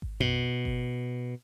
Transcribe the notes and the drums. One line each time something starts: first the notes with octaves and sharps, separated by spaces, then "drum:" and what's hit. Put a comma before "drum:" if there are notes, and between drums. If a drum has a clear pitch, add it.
drum: kick G#1
B2, drum: tom F2
drum: kick G#1